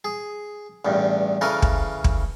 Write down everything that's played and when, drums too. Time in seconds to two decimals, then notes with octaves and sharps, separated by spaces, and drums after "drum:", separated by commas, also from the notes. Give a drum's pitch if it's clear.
0.04 G#4
0.85 A1 E2 G2
1.41 C#3 E3 A4 A#4 G#5
1.62 drum: kick
2.04 drum: kick